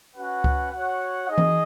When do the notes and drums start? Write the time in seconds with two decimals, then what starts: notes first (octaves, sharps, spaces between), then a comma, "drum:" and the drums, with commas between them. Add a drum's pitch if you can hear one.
0.16 C#4 F#4 B4 F#5
0.44 drum: kick C#2
0.72 F#4 C#5 F#5
1.28 D#4 G#4 D#5
1.38 drum: tom E3